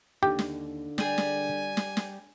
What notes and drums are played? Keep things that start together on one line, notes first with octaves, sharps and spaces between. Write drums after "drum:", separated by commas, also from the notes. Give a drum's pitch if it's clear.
D#2 D3 G4
drum: snare
G3 G#4 G#5, drum: snare
drum: snare
drum: snare
drum: snare